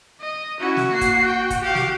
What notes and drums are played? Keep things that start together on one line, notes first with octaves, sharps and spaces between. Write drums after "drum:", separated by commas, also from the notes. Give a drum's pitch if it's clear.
D#5
C#4 E4 F#4
drum: snare
A#3 C7
drum: kick, hi-hat
G5
drum: kick, hi-hat
F#4 G4 F5 F#5
drum: snare